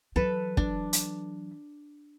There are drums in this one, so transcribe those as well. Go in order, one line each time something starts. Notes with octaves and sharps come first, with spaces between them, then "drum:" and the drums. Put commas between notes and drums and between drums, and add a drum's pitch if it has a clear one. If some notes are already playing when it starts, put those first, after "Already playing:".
E3 F#3 A4 B4
D4, drum: kick
drum: hi-hat